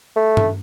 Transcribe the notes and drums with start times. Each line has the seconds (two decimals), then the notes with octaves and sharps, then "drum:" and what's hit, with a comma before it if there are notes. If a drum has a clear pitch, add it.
0.16 A3
0.37 drum: tom G2